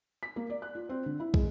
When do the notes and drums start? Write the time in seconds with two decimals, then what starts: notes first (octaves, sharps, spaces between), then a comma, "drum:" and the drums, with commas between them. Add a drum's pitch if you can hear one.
0.23 B6
0.36 A#3
0.50 D5
0.62 F#6
0.75 F4
0.89 C4
1.06 D3
1.20 E4
1.34 G#3, drum: kick